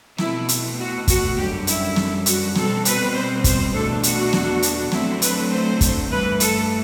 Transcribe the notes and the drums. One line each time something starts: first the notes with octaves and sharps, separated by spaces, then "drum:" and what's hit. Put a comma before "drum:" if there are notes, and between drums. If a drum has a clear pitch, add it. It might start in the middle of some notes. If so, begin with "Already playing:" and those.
B2 A3 C4 E4, drum: snare
drum: hi-hat
F#4
F#4, drum: kick, hi-hat
F#2 D3 G3 G4
E4, drum: hi-hat
drum: snare
F#4, drum: hi-hat
B2 G3 C4 A4, drum: snare
B4, drum: hi-hat
C5
C5, drum: kick, hi-hat
E2 B2 A3 D4 A4
F#4, drum: hi-hat
drum: snare
drum: hi-hat
D3 F#3 A3 C4 E4, drum: snare
B4, drum: hi-hat
C5
drum: kick, hi-hat
G2 E3 A3 B4
A4, drum: hi-hat